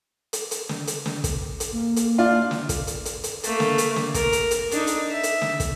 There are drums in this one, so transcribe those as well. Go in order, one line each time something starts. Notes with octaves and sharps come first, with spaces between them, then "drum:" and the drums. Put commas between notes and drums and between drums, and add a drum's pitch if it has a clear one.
drum: hi-hat
drum: hi-hat
drum: snare
drum: hi-hat
drum: snare
drum: kick, hi-hat
drum: hi-hat
A#3
drum: hi-hat
D4 F4
drum: snare
drum: kick, hi-hat
drum: hi-hat
drum: hi-hat
drum: hi-hat
A3 A#3, drum: hi-hat
drum: snare
drum: hi-hat
drum: snare
A#4, drum: kick, hi-hat
drum: hi-hat
drum: hi-hat
D4 D#4, drum: hi-hat
drum: hi-hat
E5
drum: hi-hat
drum: snare
drum: kick, hi-hat